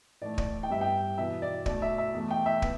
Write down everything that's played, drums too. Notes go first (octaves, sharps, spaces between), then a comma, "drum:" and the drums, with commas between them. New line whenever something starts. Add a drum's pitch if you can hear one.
A2 E3 A3 D5
D5, drum: kick
G5
G2 G3 B3 E5
G5
E2 B2 B3 E5
D5
B2 A3 D5, drum: kick
E5
E5
E2 E3 A3
G5
E5
B3, drum: kick